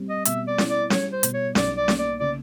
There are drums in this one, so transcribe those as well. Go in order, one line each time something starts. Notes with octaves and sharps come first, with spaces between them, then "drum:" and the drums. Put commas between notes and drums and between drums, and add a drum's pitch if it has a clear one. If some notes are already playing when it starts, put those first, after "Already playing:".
Already playing: G3 C4
D#5
B2 E5, drum: hi-hat
D5
E4, drum: snare C#4
D5
G3 C#5, drum: snare C#4
C5
B2, drum: hi-hat
C#5
B1 D5, drum: snare C#4
D5
A#3, drum: snare C#4
D5
C#3 D5